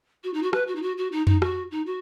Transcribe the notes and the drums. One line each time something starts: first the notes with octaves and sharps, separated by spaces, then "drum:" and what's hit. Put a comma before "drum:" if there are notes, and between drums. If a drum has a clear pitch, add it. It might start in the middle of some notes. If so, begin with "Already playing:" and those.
F#4
D#4
F#4
B4, drum: rim click
F#4
D#4
F#4
F#4
D#4
D#4, drum: tom F2
F#4, drum: rim click
D#4
F#4